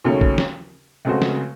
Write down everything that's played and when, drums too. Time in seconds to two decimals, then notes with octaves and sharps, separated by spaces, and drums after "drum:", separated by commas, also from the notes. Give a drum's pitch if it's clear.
0.05 D#2 C#3 F#3 A3 C#4
0.21 drum: kick
0.38 drum: snare
1.05 C#2 C#3 A3 C4 F#4
1.22 drum: snare